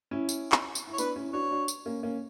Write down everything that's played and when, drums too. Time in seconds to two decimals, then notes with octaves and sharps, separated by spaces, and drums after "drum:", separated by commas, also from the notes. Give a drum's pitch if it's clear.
0.11 C#4 E4
0.29 drum: tambourine
0.52 drum: clap
0.75 drum: tambourine
0.87 E4
0.93 C#5
0.98 B3 D4 B4, drum: tambourine
1.16 C#4 E4
1.33 D4 F#4 C#5
1.51 D4 F#4
1.68 drum: tambourine
1.86 A#3 C#4
2.03 A#3 C#4